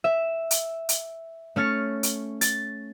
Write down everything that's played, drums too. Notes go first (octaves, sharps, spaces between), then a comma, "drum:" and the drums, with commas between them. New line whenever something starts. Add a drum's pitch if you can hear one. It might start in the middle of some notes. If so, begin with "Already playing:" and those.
E5
drum: hi-hat
drum: hi-hat
A3 C#4 F6 A6 C#7
drum: hi-hat
A6, drum: hi-hat